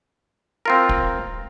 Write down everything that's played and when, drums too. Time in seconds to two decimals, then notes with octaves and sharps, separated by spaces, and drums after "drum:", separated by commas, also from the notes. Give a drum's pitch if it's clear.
0.66 C4 F4 A#4
0.89 drum: kick